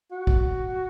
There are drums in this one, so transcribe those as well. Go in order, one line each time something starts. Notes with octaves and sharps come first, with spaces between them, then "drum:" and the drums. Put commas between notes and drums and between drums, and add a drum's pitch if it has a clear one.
F#4
drum: kick